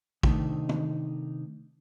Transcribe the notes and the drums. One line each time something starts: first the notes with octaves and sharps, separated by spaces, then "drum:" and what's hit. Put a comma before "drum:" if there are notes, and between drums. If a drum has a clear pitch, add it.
C3 D#3 A3 D4 D#4, drum: kick
drum: tom